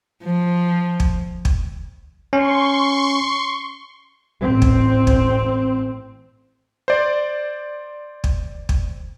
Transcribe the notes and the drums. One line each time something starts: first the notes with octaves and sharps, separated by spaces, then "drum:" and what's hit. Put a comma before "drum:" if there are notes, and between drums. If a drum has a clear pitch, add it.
F3
drum: kick
drum: kick
C#4 C6 C#6
A1 C4
drum: kick
drum: kick
C5 D5
drum: kick
drum: kick